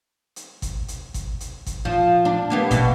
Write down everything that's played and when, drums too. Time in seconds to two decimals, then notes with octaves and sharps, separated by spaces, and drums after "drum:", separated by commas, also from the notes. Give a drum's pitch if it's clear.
0.36 drum: hi-hat
0.62 drum: kick G#1, hi-hat
0.88 drum: hi-hat
1.14 drum: kick G#1, hi-hat
1.40 drum: hi-hat
1.66 drum: kick G#1, hi-hat
1.85 F3
2.25 D4
2.50 A#3 B3 G4
2.71 B2 B3, drum: kick G#1, hi-hat